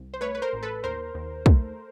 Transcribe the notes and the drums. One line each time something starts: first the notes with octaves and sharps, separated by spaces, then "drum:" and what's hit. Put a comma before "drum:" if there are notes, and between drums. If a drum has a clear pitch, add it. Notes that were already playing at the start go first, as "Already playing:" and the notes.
Already playing: C2
C5
A3 B4 C#5
B4
A#4 C5
A1
A4 B4
D#2 A#4 C5
D#2
A3, drum: kick